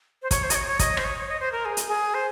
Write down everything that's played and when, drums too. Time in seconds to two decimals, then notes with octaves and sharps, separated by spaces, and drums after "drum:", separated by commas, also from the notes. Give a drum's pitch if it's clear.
0.22 C5
0.31 C#5, drum: kick, hi-hat
0.43 C5
0.50 D#5, drum: hi-hat
0.55 C#5
0.67 C#5
0.79 D#5, drum: kick, hi-hat
0.97 C5, drum: rim click
1.04 C#5
1.18 C#5
1.29 D#5
1.40 C5
1.52 A#4
1.65 G#4
1.77 drum: hi-hat
1.88 G#4
2.14 C5